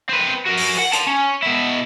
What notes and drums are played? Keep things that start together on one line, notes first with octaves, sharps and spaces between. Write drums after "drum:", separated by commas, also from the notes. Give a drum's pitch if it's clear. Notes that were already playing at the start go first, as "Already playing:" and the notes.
C4 B4
F#4 A#4
drum: open hi-hat
F#5
A5 C6, drum: hi-hat
C#4
B2 E4